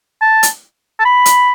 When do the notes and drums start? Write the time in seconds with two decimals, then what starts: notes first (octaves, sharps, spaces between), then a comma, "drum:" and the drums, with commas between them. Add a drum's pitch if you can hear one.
0.22 A5
0.43 drum: hi-hat
1.00 A5
1.05 B5
1.26 drum: hi-hat